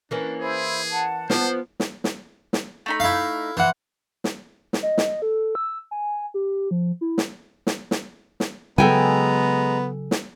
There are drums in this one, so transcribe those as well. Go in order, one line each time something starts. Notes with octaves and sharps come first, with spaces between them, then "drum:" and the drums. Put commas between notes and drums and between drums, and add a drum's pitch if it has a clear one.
E3 A#3 C#4 D4
E4 G#4 C5
F#5 A5
F3 B3 C5, drum: snare
drum: snare
drum: snare
drum: snare
A3 D#4 B5
E4 F5
E3 C5 F#5
drum: snare
drum: snare
D#5
drum: snare
A4
E6
G#5
G4
F3
E4
drum: snare
drum: snare
drum: snare
drum: snare
C#3 F#3 G#3 B3 A4 G5 G#5 A#5
drum: snare